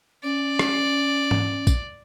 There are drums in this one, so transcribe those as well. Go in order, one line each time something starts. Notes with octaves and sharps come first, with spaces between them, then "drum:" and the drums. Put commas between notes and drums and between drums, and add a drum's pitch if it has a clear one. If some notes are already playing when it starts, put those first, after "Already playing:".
C#4 D5
drum: rim click
drum: tom G#2
drum: kick, tambourine